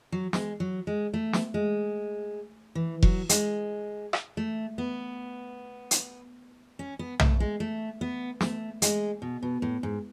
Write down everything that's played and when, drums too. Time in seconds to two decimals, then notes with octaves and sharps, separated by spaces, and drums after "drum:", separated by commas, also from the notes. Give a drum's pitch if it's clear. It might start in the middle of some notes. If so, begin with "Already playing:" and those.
0.12 F#3
0.33 G#3, drum: snare
0.60 F#3
0.87 G#3
1.14 A3
1.33 drum: snare
1.54 G#3
2.75 E3
3.03 F#3, drum: kick F1
3.29 G#3, drum: hi-hat
4.13 drum: rim click
4.37 A3
4.78 B3
5.91 drum: hi-hat
6.79 C#4
6.99 B3
7.20 A3, drum: tom B1
7.40 G#3
7.60 A3
8.01 B3
8.41 A3, drum: snare
8.82 G#3, drum: hi-hat
9.22 B2
9.43 B2
9.62 A2
9.83 G#2